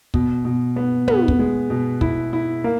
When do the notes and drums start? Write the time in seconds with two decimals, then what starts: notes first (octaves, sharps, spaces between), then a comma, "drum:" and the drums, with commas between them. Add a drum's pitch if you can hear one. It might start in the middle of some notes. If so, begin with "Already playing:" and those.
0.14 B2, drum: kick
0.45 B2
0.76 B3
1.08 B3, drum: tom
1.28 drum: kick
1.39 G#3
1.70 B2
2.01 E4, drum: kick
2.33 E4
2.64 A#3